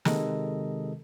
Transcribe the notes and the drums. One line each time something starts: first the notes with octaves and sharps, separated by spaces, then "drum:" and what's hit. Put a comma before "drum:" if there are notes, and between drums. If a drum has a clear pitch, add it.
C3 D#3 G#3 D#4 A4 D#5, drum: snare